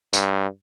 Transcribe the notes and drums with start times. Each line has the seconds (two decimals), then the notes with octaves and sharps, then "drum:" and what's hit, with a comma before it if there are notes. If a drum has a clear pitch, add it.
0.13 G2, drum: tambourine